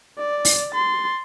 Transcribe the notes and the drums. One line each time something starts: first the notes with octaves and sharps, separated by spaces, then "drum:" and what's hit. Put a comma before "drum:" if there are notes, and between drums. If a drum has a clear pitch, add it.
D5
drum: open hi-hat
C6 A6